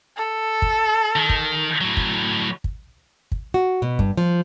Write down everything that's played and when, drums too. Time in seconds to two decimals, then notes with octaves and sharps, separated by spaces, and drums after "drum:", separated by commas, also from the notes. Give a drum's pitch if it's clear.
0.17 A4
0.62 drum: kick
1.16 D#3
1.29 drum: kick
1.81 A2 F#3
1.97 drum: kick
2.64 drum: kick
3.32 drum: kick
3.54 F#4
3.82 B2
3.99 G2, drum: kick
4.17 F3